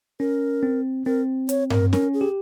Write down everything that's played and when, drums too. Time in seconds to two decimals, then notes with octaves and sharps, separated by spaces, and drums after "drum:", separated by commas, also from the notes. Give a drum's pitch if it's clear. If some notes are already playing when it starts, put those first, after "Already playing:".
0.20 C#4 A#4
0.63 C4
1.06 C4 A#4
1.49 C#5, drum: hi-hat
1.70 A#4, drum: tom G2
1.93 C#4 A#4, drum: snare
2.14 G#4
2.21 G4